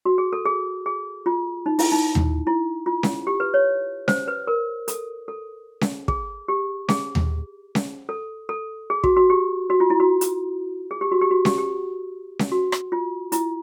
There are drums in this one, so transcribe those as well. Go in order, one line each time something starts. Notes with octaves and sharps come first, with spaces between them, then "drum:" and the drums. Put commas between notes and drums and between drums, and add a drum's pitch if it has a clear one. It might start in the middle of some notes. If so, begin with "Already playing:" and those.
F#4
G#4
A4
G#4
G#4
F4
D#4
E4, drum: open hi-hat
D#4
drum: tom D#2
E4
F4
drum: snare C#4
G4
B4
C#5
C5, drum: snare C#4
B4
A#4
A4, drum: hi-hat
A4
drum: snare C#4
G#4, drum: kick
G4
G#4, drum: snare C#4
drum: tom D#2
drum: snare C#4
A4
A4
G#4
F#4, drum: kick
F#4
G4
F#4
F4
E4
F#4
drum: hi-hat
G#4
G4
F#4
G4
F#4
G4, drum: snare C#4
G4
drum: snare C#4
F#4
drum: rim click
F4
E4, drum: hi-hat